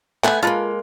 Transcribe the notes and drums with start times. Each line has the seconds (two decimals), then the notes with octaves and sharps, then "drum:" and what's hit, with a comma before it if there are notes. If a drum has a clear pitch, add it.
0.24 A3 B3 F#5 G#5, drum: clap
0.43 G#3 A#3 F4 A4 B4